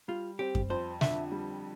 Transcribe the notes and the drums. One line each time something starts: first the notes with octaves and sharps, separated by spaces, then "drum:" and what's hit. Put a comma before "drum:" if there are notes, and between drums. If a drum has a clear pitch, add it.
G3 F4
C4 G4
drum: kick F#2
F2 C5
D3 E5, drum: snare
G3